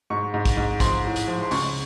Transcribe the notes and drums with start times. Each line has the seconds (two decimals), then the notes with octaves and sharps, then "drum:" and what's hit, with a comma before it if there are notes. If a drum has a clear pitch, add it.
0.10 G#2 C#6
0.34 G#2
0.45 drum: kick, hi-hat
0.57 G#2
0.80 F3 C6, drum: kick, hi-hat
1.05 A2
1.16 drum: hi-hat
1.28 F3
1.42 C6
1.51 C#2 C#6, drum: open hi-hat